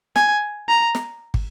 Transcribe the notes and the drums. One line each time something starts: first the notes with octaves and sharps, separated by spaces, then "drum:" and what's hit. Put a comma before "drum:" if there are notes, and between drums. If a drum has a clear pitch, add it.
G#5, drum: snare
A#5
drum: snare
drum: kick